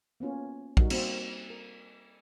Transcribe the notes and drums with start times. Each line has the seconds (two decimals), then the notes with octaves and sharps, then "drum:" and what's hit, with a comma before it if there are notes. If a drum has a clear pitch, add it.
0.20 A#3 B3 C#4 F4
0.77 G3 D#4 F#4 A#4, drum: kick
0.90 A#3 C4 F#4, drum: cymbal
1.50 A#4